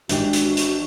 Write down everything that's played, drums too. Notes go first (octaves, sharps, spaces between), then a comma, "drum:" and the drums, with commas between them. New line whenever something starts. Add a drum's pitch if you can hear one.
G#1 E3 D4 F#4 G4, drum: hi-hat
drum: hi-hat
drum: hi-hat